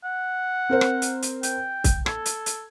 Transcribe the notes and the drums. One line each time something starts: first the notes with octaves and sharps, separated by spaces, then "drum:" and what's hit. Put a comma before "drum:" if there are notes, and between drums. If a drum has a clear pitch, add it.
F#5
C4 A#4 C5
drum: rim click
drum: hi-hat
drum: hi-hat
G5, drum: hi-hat
drum: kick, hi-hat
A4 G#6, drum: rim click
drum: hi-hat
drum: hi-hat